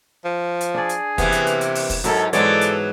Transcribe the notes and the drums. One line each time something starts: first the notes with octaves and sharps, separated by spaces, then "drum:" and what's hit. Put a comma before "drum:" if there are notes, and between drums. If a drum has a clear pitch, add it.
F3
drum: hi-hat
D4 G#4 D5
drum: hi-hat
C3 E3 A#3 B3, drum: kick, hi-hat
drum: hi-hat
drum: hi-hat
drum: hi-hat
drum: open hi-hat
drum: kick, open hi-hat
G#2 F#3 E4 A4 A#4, drum: hi-hat
G#2 E3 F#3 G#3 B3 A4 C#5 D5, drum: hi-hat
drum: hi-hat